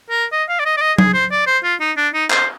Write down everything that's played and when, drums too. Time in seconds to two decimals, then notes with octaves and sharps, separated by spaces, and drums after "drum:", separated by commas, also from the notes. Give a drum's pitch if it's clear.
0.10 A#4
0.32 D#5
0.49 F5
0.59 D5
0.65 D#5
0.77 D5
0.82 D#5
0.98 G#4, drum: tom F#3
1.14 C5
1.31 D5
1.47 C5
1.64 F4
1.81 D#4
1.97 D4
2.14 D#4
2.30 C5, drum: clap